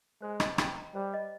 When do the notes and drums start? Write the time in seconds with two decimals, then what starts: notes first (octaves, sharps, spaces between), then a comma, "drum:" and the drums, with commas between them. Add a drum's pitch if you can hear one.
0.22 G#3 C5
0.40 D#5, drum: rim click
0.58 G5, drum: rim click
0.76 A#5
0.94 G3 C5
1.14 D#5